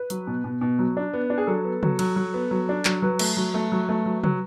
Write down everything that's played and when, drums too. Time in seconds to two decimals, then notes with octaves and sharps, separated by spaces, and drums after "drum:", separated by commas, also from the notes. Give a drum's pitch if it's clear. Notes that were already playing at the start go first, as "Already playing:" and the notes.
Already playing: B4
0.10 F#3, drum: hi-hat
0.27 B2
0.44 B2
0.61 B2
0.79 F#3
0.97 D4
1.13 B3
1.30 D4
1.38 G#4
1.47 F#3 A4
1.64 B3
1.83 F#3, drum: tom
1.99 F#3, drum: cymbal
2.16 F#3
2.34 B3
2.51 F#3
2.69 D4
2.85 F#3, drum: clap
3.02 F#3 B4
3.19 A3, drum: cymbal
3.37 F#3
3.54 A3
3.72 F#3
3.89 A3
4.06 F#3
4.24 F#3, drum: tom